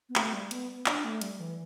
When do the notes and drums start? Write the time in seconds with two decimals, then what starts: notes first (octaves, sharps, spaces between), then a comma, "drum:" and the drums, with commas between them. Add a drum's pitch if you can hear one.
0.09 B3
0.16 A3, drum: clap
0.33 G3
0.51 B3, drum: hi-hat
0.86 D4, drum: clap
1.05 A3
1.21 G3, drum: hi-hat
1.40 E3